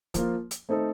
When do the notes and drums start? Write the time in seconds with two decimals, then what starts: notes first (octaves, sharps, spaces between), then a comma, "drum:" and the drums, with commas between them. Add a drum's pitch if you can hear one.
0.14 F3 A#3 F4, drum: kick C#1, hi-hat
0.51 drum: hi-hat
0.69 A3 C4 D#4 A4 C5